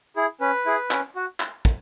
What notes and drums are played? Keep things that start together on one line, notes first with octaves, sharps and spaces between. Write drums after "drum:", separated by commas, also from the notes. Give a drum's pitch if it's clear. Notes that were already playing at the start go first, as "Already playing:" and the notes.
E4 G#4
C#4 B4
E4 G#4
C#4, drum: clap
F#4
drum: clap
drum: kick